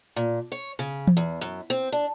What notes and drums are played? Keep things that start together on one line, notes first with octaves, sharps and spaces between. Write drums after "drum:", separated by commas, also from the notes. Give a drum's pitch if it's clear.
A#2
C#5
C#3
drum: tom E3
E2
F#2
C4
D4